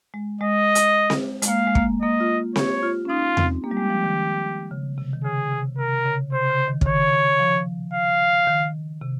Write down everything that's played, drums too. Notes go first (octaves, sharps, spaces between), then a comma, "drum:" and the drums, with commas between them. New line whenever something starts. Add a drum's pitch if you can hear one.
G#3
G#3 D#5
drum: hi-hat
drum: snare C4
G#3, drum: hi-hat
A#3 F5
G#3
A#3, drum: kick
A#3 D#5
F4
G4 C#5, drum: snare C4
F4
C#4
D#4 F4
C4, drum: tom E2
A#3 G4
G3
G#3
F3
D#3
C#3
C3
D#3
C#3 G#4
C3
C3 A#4
C#3
C3 C5
C#3
D#3
C#3, drum: kick
D#3 C#5
F3
F5
D#3
C3